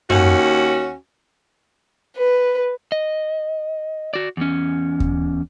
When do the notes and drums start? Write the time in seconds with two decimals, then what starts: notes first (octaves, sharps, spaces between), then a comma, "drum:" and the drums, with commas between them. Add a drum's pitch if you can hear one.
0.10 D#2 C#4 F#4, drum: tom F#2
2.17 B4
2.92 D#5
4.14 F#4 D5
4.37 E2 C#4
5.00 drum: kick D#2